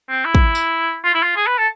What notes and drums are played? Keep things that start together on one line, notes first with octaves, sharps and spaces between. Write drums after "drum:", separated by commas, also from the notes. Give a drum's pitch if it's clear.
C4
E4
drum: kick
drum: tambourine
F4
E4
F4
G#4
B4
A4